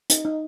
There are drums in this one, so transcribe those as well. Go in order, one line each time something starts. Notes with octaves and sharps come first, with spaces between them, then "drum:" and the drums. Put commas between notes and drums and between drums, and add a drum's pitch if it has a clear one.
D#4, drum: hi-hat
D#4